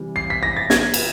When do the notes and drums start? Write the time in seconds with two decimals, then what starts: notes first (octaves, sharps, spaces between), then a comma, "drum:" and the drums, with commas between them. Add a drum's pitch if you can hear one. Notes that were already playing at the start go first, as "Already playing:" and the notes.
Already playing: C3 E3 G3
0.16 C7
0.30 B6
0.43 A#6
0.56 A6
0.70 G#6, drum: snare
0.94 drum: cymbal